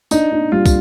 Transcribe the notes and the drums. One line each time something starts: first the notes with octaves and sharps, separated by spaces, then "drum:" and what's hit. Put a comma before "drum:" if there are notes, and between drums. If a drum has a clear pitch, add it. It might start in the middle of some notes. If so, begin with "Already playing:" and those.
D4 D#4, drum: tambourine
D4
G3 F4
drum: kick, tambourine